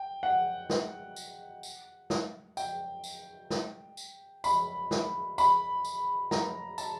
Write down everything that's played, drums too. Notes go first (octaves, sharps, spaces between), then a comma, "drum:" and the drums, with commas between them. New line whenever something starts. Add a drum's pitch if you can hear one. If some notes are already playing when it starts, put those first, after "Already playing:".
Already playing: G5
F#5
drum: snare
drum: tambourine
drum: tambourine
drum: snare
G5, drum: tambourine
drum: tambourine
drum: snare
drum: tambourine
B5, drum: tambourine
drum: snare
B5, drum: tambourine
drum: tambourine
A#5, drum: snare
A5, drum: tambourine